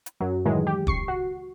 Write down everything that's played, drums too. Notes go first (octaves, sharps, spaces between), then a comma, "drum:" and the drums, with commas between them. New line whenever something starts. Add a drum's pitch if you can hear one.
drum: hi-hat
F#2 F#3
A2 D#3 E3 F#3 G#3
G4
C#2 C#6 C7, drum: kick
F#4